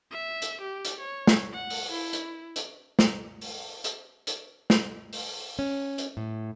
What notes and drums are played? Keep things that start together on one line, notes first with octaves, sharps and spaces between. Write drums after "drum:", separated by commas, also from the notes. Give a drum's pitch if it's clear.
E5
drum: hi-hat
G4
drum: hi-hat
C#5
drum: snare
F#5
drum: open hi-hat
E4
drum: hi-hat
drum: hi-hat
drum: snare
drum: open hi-hat
drum: hi-hat
drum: hi-hat
drum: snare
drum: open hi-hat
C#4
drum: hi-hat
A2